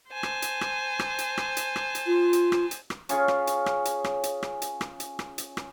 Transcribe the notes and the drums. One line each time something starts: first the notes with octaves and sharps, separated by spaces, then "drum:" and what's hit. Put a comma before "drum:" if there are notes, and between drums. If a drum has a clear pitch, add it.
C5 G#5 A5
drum: rim click
drum: hi-hat
drum: rim click
drum: rim click
drum: hi-hat
drum: rim click
drum: hi-hat
drum: rim click
drum: hi-hat
F4
drum: hi-hat
drum: rim click
drum: hi-hat
drum: rim click
C#4 F4 G#4 C#5, drum: hi-hat
drum: rim click
drum: hi-hat
drum: rim click
drum: hi-hat
drum: rim click
drum: hi-hat
drum: rim click
drum: hi-hat
drum: rim click
drum: hi-hat
drum: rim click
drum: hi-hat
drum: rim click